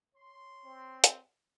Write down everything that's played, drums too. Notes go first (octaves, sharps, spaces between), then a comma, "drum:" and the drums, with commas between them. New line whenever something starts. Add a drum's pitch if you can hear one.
C#5 C6
C4
drum: hi-hat